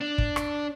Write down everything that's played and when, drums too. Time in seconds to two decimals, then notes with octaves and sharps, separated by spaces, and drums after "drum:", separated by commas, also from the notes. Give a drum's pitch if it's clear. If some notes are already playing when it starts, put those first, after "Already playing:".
0.01 D4
0.18 drum: kick
0.36 drum: rim click